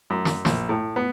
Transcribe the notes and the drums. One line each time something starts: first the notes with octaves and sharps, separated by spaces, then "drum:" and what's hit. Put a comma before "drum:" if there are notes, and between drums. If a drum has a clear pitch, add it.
F#2
drum: snare
A#1, drum: snare
A2
B3